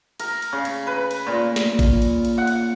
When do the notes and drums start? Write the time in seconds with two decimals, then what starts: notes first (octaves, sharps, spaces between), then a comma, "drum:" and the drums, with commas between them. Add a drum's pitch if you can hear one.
0.20 A#4, drum: cymbal
0.42 drum: cymbal
0.53 C#3
0.65 drum: cymbal
0.87 B4
1.11 drum: cymbal
1.27 A#2
1.56 drum: snare
1.79 drum: kick G#1, cymbal
2.02 drum: cymbal
2.25 drum: cymbal
2.38 F#5
2.47 drum: cymbal